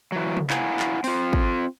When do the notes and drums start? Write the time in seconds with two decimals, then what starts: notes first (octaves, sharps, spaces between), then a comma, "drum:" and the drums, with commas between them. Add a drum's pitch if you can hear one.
0.12 E3 F#3
0.37 drum: tom
0.50 E4 F5 F#5 G#5 A#5, drum: clap
0.79 drum: clap
1.04 C4 F4, drum: open hi-hat
1.33 drum: kick